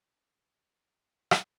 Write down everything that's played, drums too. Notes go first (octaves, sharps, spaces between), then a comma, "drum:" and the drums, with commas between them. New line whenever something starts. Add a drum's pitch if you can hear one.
G5 G#5
D#5
drum: rim click